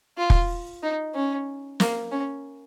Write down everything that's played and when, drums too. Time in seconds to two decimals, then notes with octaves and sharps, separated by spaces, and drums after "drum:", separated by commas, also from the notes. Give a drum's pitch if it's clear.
0.18 F4
0.30 drum: kick
0.83 D#4
1.15 C#4
1.80 A#3, drum: snare
2.12 C#4